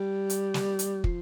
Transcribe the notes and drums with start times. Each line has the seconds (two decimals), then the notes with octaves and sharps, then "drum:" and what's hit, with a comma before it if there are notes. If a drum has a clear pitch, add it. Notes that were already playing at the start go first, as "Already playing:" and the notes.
Already playing: G3
0.30 drum: hi-hat
0.54 drum: snare
0.79 drum: hi-hat
1.04 F3, drum: kick